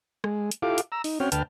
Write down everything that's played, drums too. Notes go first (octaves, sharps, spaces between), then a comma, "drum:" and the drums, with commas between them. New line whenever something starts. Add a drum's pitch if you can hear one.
G#3, drum: rim click
drum: hi-hat
E4 F4 G4 A4 F5 D6
drum: hi-hat
A#5 E6
D#4, drum: open hi-hat
C4 C#4 F#4 C#5 G5 F6
D2 B4 G5 A5 F6, drum: hi-hat